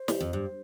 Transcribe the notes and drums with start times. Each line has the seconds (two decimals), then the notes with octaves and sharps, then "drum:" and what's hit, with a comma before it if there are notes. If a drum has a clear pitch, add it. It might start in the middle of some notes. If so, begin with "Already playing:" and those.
Already playing: C5
0.08 G3, drum: snare
0.20 F2
0.33 G2